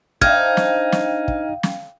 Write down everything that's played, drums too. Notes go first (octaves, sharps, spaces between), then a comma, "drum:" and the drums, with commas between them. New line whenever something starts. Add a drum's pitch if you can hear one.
D4 D#4 C5 E5 F5 G5 F6 G#6, drum: kick
drum: snare
drum: snare
drum: kick
drum: snare